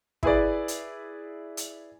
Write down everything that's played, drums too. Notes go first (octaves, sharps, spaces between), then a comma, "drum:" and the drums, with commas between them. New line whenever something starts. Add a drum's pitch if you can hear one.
E4 G#4 B4 D5, drum: kick
drum: hi-hat
drum: hi-hat